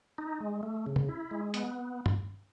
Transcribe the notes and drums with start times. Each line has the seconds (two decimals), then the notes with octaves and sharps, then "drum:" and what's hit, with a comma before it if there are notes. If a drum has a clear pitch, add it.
0.18 D#4
0.40 G#3
0.63 A3
0.86 C#3
0.96 drum: tom
1.08 E4
1.31 G#3
1.54 B3, drum: hi-hat
2.06 drum: tom G2